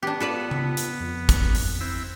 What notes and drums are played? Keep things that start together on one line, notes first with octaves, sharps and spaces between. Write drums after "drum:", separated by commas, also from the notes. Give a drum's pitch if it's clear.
B3 D4 G4
F4 A4 B4 D5
drum: tom C#3
drum: hi-hat
F2
drum: kick, hi-hat
drum: open hi-hat
C4 E4